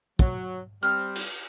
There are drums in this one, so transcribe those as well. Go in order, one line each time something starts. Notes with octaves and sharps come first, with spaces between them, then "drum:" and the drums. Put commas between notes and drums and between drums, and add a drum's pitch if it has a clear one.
F#3, drum: kick
G3 C4 F6
drum: cymbal